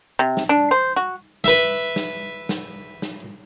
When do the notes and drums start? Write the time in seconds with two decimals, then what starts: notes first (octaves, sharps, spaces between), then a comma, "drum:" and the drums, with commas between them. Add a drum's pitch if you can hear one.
0.19 C3
0.37 drum: snare
0.49 D4
0.71 C5
0.96 F#4
1.44 B4 E5, drum: snare
1.96 drum: snare
2.49 drum: snare
3.02 drum: snare